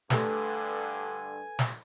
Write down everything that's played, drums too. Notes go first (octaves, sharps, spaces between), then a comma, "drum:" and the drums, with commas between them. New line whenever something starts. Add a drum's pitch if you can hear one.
G2 D3 A3 G4 A4 B4 G#5, drum: snare
drum: snare